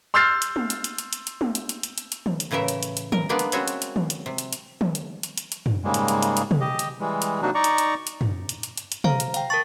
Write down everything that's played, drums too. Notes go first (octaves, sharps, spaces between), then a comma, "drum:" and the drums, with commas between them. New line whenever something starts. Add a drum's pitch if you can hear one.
C6 E6 F6 G6 A6 C7
drum: hi-hat
drum: tom
drum: hi-hat
drum: hi-hat
drum: hi-hat
drum: hi-hat
drum: hi-hat
drum: tom
drum: hi-hat
drum: hi-hat
drum: hi-hat
drum: hi-hat
drum: hi-hat
drum: tom
drum: hi-hat
A2 C#3 E3 A#4 E5
drum: hi-hat
drum: hi-hat
drum: hi-hat
A#4, drum: tom
G#3 A#3 B3 D4 D5
drum: hi-hat
G3 G#3 C4 C#4 F#4 E5, drum: hi-hat
drum: hi-hat
drum: hi-hat
drum: tom
drum: hi-hat
C3
drum: hi-hat
drum: hi-hat
drum: tom
drum: hi-hat
drum: hi-hat
drum: hi-hat
drum: hi-hat
drum: tom
G#2 C#3 G3 G#3 A#3
drum: hi-hat
drum: hi-hat
drum: hi-hat
drum: hi-hat
drum: tom
G4 D#5
drum: hi-hat
E3 G3 G#3
drum: hi-hat
C3 F#3 A#3 D4 D#4 F#4
D#4 D5 A#5 C#6
drum: hi-hat
drum: hi-hat
drum: hi-hat
drum: tom
drum: hi-hat
drum: hi-hat
drum: hi-hat
drum: hi-hat
C5 F5 A#5, drum: tom
drum: hi-hat
F5 G5, drum: hi-hat
A#4 A5 C#6 A6